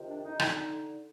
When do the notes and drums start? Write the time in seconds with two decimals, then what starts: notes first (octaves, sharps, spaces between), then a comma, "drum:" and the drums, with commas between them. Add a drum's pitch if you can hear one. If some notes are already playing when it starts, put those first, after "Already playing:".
Already playing: F2 C3 D#3
0.08 D4
0.24 D#4
0.39 D3 D#4, drum: rim click